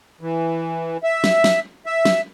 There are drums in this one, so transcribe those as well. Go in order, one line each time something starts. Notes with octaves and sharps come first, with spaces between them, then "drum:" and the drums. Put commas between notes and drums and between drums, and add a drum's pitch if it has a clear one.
E3
E5
drum: snare
drum: snare
E5
drum: snare